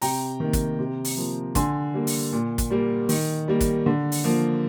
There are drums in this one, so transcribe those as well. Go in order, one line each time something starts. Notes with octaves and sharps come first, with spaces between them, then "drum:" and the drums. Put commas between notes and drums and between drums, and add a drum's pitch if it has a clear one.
C3 G5 A#5, drum: open hi-hat
D#3 A#3
drum: kick, hi-hat
C3
drum: open hi-hat
F3 A#3
D3 G#5 C6, drum: kick, hi-hat
G3 A#3
drum: open hi-hat
A#2
drum: kick, hi-hat
G3 A#3
D#3, drum: open hi-hat
G3 A#3
drum: kick, hi-hat
D3
drum: open hi-hat
F3 A#3